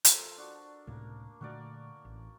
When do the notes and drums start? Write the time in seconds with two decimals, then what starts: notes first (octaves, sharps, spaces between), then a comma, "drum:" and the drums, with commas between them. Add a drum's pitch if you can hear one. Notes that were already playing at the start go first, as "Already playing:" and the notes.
0.05 F3 A4 A#4, drum: hi-hat
0.38 D4 F#4
0.87 C#2 A2 C3 A#3
1.41 A#2 D3 A3 F#4 A#4 D5
2.05 A1